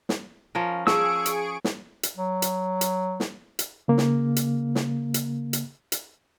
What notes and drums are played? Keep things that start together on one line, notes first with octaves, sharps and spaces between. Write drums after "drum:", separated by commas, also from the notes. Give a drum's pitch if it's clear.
drum: snare
F3 C#4 A#4
F3 G#4 C#6 E6 D7, drum: snare
drum: hi-hat
drum: snare
drum: hi-hat
F#3
drum: hi-hat
drum: hi-hat
drum: snare
drum: hi-hat
C#3 A#3
drum: snare
drum: hi-hat
drum: snare
drum: hi-hat
drum: hi-hat
drum: hi-hat